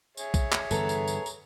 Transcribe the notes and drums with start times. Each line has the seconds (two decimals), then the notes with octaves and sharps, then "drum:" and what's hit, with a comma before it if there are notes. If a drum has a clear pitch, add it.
0.17 G#4 C#5 E5, drum: tambourine
0.34 drum: kick A#1, tambourine
0.52 drum: clap
0.71 G2 D3 E3 B3 A4 A#5, drum: tambourine
0.89 drum: tambourine
1.08 drum: tambourine
1.26 drum: tambourine